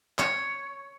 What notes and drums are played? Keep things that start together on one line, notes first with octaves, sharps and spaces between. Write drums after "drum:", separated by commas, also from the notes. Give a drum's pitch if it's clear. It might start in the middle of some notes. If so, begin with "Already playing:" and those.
C#5, drum: clap